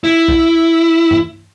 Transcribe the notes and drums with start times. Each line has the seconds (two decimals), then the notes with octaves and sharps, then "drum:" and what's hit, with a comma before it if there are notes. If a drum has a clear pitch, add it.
0.04 E4
0.28 drum: kick
1.11 drum: tom G2